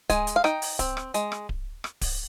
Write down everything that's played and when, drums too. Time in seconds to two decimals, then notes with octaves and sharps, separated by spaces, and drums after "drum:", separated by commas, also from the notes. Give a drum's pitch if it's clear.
0.10 G#3 G#5, drum: kick D1, hi-hat
0.27 drum: hi-hat
0.36 F5
0.44 D#4 G5, drum: rim click
0.62 drum: open hi-hat
0.79 C4, drum: kick D1, hi-hat
0.97 drum: rim click
1.14 G#3, drum: hi-hat
1.32 drum: rim click
1.49 drum: kick D1
1.84 drum: rim click
2.01 drum: kick D1, open hi-hat